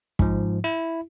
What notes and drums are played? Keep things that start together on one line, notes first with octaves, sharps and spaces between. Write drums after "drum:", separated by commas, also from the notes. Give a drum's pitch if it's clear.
G#2 F3, drum: kick
E4